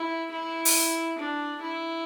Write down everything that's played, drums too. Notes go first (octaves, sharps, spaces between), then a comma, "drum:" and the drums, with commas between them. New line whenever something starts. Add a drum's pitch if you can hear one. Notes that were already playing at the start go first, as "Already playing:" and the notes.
Already playing: E4
E4
drum: open hi-hat
D4
E4